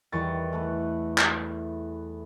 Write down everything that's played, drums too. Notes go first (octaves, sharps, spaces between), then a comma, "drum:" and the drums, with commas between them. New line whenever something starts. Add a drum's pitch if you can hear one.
E2 D#3 E3 G3 C#6 A6
E3 A3 B4
drum: clap